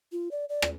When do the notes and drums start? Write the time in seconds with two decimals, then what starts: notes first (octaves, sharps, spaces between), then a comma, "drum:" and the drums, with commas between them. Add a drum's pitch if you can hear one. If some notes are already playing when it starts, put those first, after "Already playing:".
0.12 F4
0.31 D5
0.49 D5
0.62 drum: rim click